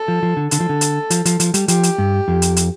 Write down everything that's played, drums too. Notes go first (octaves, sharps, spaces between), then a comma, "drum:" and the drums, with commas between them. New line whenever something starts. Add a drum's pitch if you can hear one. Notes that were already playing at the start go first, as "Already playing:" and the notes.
Already playing: A4
F3
F3
D3
D3 A4, drum: hi-hat
F3
D3
drum: hi-hat
F3, drum: hi-hat
F3, drum: hi-hat
F3, drum: hi-hat
G3, drum: hi-hat
F3 G4, drum: hi-hat
drum: hi-hat
G2
F2
drum: hi-hat
drum: hi-hat